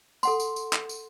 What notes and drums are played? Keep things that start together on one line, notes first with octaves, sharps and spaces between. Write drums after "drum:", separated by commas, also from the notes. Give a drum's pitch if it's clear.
A4 F#5 C6, drum: tambourine
drum: tambourine
drum: tambourine
drum: clap
drum: tambourine